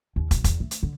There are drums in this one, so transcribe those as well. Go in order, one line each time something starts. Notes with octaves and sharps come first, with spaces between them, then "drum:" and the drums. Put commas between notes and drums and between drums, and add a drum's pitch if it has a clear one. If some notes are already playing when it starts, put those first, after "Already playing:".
D#2
B1, drum: kick, hi-hat
E2, drum: kick, hi-hat
A3
drum: hi-hat
D3